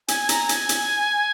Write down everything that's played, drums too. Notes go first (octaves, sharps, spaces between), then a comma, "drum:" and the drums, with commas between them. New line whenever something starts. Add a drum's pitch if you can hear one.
G#5, drum: hi-hat
A#5, drum: hi-hat
G#5, drum: hi-hat
drum: hi-hat